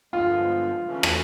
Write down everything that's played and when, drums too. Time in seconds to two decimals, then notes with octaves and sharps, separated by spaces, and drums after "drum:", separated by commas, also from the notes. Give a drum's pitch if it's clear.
0.13 G2 D3 F3 G#3 B3 F4
0.85 C#3 E3 A3 C#4
1.03 drum: rim click